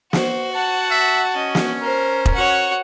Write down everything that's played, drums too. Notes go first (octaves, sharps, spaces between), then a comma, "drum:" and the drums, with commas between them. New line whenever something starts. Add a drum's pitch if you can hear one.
F#4 C5, drum: snare
F#5 A5
E5
C#4 D#5
drum: snare
A#4 C5
drum: kick E1
F#4 C#5 F#5